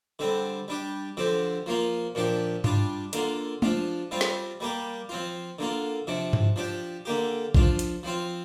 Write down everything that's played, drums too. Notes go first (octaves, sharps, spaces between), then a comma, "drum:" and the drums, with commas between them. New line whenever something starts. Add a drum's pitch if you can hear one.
D3 G3 C4
G3 D4 G4
D3 F3 C4 G4
F3 A#3 F4
A#2 F3 D4 G4
G3 D4 F4, drum: tom G2
D3 A#3 F4, drum: hi-hat
F3 D4 F4, drum: tom
G3 C4 F4
drum: snare
G3 A#3 G4
F3 C4 F4
D3 A#3 F4
C3 F3 D4
drum: tom G2
F3 D4 G4
D3 A#3 G4
F3 D4 F4, drum: kick
drum: hi-hat
F3 C4 F4